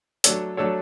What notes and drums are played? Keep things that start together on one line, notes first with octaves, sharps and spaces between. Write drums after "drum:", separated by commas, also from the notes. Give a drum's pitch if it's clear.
F#3 A3 D4 A4 C#5, drum: hi-hat
F#3 A3 D4 A4 C#5